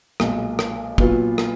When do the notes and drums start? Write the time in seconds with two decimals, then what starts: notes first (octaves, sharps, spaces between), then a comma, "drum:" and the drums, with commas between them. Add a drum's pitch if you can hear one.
0.20 B1 A#2 G#3, drum: rim click
0.59 drum: rim click
0.98 A#2 F#3 B3 F4, drum: kick
1.38 drum: rim click